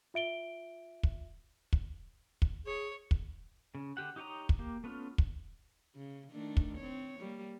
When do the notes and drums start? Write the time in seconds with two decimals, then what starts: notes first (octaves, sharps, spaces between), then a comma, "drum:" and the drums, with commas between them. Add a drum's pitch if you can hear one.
0.14 F4 E5 D7 G7
1.03 drum: kick
1.73 drum: kick
2.42 drum: kick
2.66 G#4 C#5
3.11 drum: kick
3.75 C#3
3.97 D3 G4 F#5
4.16 D#4 G4 C#5 D#5 A#5
4.49 drum: kick
4.59 A#3 G4
4.84 A3 B3 C#4 F4
5.18 drum: kick
5.96 C#3
6.32 D#3 A3 D4
6.57 drum: kick
6.78 C4 C#5
7.19 G3 A#3